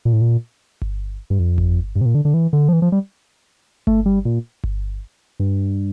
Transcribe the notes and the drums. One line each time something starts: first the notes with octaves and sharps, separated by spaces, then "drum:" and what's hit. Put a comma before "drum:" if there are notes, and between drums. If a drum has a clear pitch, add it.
A#2
A2
A#2
drum: kick G1
G2
F2
drum: kick G1
G2
C3
A#2
D3
D3
E3
D3
F3
E3
F3
G3
A3, drum: kick G1
G3
A#2
drum: kick G1
G2